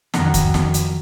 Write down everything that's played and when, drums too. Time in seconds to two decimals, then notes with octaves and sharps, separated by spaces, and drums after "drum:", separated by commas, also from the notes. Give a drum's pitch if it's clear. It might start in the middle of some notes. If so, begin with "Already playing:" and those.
0.14 F2 D#3 F#3 F#5 A#5, drum: snare
0.34 drum: kick, hi-hat
0.54 drum: snare
0.74 drum: hi-hat